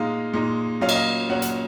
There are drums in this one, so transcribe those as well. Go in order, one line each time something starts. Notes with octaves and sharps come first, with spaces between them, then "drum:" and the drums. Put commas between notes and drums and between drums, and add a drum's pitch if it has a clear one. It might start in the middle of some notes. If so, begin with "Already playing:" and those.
Already playing: A#2 G#3 D#4 F5
A#2 G#3 D#4
A#2 F#3 C#4 F5
D#5, drum: cymbal
F5
A#2 F#3 C#4 F#5
F#5, drum: hi-hat